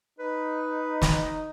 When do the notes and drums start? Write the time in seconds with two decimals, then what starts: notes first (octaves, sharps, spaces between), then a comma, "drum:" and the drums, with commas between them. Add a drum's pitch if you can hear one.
0.19 D#4 B4
1.02 drum: snare